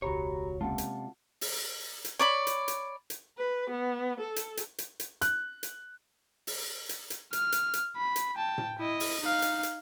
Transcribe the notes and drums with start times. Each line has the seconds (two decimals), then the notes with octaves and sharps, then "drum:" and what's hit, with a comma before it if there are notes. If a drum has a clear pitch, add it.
0.02 E1 C#2 F#4 G4 C#5 A#5 B5
0.61 C3 D#3 G#3 A#3 C#4 F4 F#5 A5
0.78 drum: hi-hat
1.41 drum: open hi-hat
2.05 drum: hi-hat
2.19 C#5 D5 B5
2.47 drum: hi-hat
2.68 drum: hi-hat
3.10 drum: hi-hat
3.38 B4
3.70 B3
4.21 A4
4.36 drum: hi-hat
4.57 drum: hi-hat
4.78 drum: hi-hat
5.00 drum: hi-hat
5.21 F#6, drum: hi-hat
5.63 drum: hi-hat
6.47 drum: open hi-hat
6.89 drum: hi-hat
7.10 drum: hi-hat
7.33 F6, drum: hi-hat
7.52 drum: hi-hat
7.73 drum: hi-hat
7.97 B5
8.16 drum: hi-hat
8.36 G5 A5
8.58 drum: tom A2
8.79 E4 D#5
9.00 drum: open hi-hat
9.21 D#4 F5
9.42 drum: hi-hat
9.63 drum: hi-hat